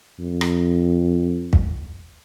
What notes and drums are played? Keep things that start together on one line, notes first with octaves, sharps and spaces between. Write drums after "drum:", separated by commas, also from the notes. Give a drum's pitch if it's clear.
F2
drum: rim click
drum: kick